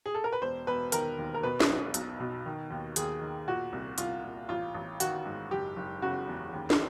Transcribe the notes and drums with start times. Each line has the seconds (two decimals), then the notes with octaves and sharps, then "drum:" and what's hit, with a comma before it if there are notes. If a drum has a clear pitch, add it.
0.06 G#4
0.14 A4
0.24 A#4
0.32 B4
0.42 E1 C5
0.67 E1 B4
0.92 D#3 A#4, drum: hi-hat
1.18 D#2
1.34 A#4
1.43 B2 B4
1.60 drum: snare
1.70 B1
1.94 B1, drum: hi-hat
2.20 B2
2.46 D#3
2.70 D#2
2.96 D#2 G#4, drum: hi-hat
3.22 D#3
3.48 A#2 F#4
3.73 C2
3.98 C2 F4, drum: hi-hat
4.24 A#2
4.49 A1 F4
4.74 A1
5.00 D#3 F#4, drum: hi-hat
5.25 G#2
5.51 F#1 G4
5.76 F#1
6.02 C#3 F#4
6.27 E2
6.53 D#2
6.70 drum: snare